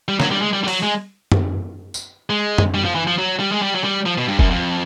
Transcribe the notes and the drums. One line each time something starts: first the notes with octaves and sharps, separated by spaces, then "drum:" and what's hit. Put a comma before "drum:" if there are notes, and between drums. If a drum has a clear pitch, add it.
G3
F#3, drum: snare
G3
G#3
G3
G3
F#3, drum: open hi-hat
G#3
drum: tom F#2
drum: tambourine
G#3
drum: tom F#2
G3
F3
E3
F3
F#3
G3
G#3
G3
F#3
G3
F3
B2
G2
F#2, drum: kick
F2